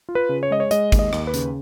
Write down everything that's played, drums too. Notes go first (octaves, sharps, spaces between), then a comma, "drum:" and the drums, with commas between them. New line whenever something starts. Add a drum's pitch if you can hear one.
F4
B4
C#3
C#5
G#3 D#5
C#5
G#3 D#5, drum: hi-hat
D#2, drum: kick, hi-hat
D#5
D#2, drum: rim click
B4
C#3, drum: hi-hat